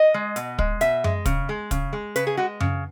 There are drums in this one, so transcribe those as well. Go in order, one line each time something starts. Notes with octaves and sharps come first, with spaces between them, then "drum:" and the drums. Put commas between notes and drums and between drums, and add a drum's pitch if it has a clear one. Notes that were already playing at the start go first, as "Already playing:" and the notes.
Already playing: D#5
G#3
B2, drum: hi-hat
G#3, drum: kick
B2 E5, drum: hi-hat
G#3, drum: tom F#2
C#3, drum: kick, hi-hat
G#3
C#3, drum: kick, hi-hat
G#3
C#3 B4, drum: hi-hat
G#4
G#3 F#4
C#3, drum: tom F#2